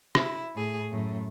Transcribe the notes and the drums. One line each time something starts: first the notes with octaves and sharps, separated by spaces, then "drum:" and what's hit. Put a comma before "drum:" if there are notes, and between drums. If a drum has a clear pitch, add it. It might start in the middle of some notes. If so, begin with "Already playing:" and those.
E4, drum: rim click
A2 G#4
F#2 A2